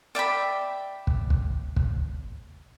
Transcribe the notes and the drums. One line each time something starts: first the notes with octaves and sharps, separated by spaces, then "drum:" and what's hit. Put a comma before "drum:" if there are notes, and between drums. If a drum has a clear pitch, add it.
D5 E5 G5 B5
drum: kick
drum: kick
drum: kick